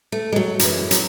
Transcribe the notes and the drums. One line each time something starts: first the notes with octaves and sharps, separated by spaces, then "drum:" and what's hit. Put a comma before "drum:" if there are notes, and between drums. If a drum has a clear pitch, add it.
A3
G#3
F#3
F#2 C#3 E3 G#3, drum: hi-hat
F#3, drum: hi-hat